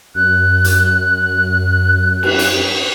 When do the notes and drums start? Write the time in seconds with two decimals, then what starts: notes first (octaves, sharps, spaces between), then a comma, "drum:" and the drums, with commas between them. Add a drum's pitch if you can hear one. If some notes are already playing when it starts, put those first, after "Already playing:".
0.15 F#2 F#6
0.64 drum: hi-hat
2.23 drum: cymbal
2.39 drum: hi-hat